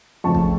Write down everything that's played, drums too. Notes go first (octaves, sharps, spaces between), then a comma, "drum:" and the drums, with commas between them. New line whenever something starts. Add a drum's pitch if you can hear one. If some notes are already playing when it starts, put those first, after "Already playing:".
F2 C#3 F3 A3 A5 C#6
drum: kick